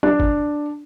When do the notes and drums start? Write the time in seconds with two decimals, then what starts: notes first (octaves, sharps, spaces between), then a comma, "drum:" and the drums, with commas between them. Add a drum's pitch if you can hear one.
0.03 D4, drum: tom F#3
0.20 drum: kick F#1